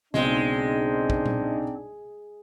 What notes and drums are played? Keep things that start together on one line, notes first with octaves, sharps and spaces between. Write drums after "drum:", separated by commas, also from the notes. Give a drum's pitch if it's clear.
B1 C#3 G#3 C4 D4 D#4, drum: snare
drum: kick
drum: tom A#2